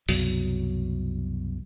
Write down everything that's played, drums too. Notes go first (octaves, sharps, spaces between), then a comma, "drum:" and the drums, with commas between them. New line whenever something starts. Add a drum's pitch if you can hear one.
C2 F#2 B2 F#3, drum: open hi-hat